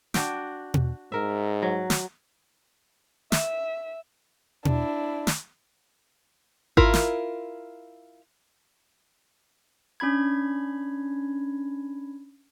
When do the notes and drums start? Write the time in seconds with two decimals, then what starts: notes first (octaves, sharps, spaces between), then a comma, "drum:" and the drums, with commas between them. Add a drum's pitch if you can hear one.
0.14 D4 F#4 G5, drum: snare
0.74 drum: tom B2
1.12 G#2 A#4 E5
1.62 F#3
1.90 drum: snare
3.32 E5, drum: snare
4.65 D4 E4, drum: tom B2
5.27 drum: snare
6.77 E4 F4 A#4, drum: kick G#1
6.94 drum: snare
10.00 C#4 D4 B5 G#6